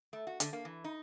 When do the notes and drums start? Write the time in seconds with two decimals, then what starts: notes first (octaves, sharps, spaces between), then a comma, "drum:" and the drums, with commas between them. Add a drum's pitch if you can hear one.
0.13 A3
0.27 F#4
0.40 D3, drum: hi-hat
0.53 A#3
0.65 E3
0.84 D#4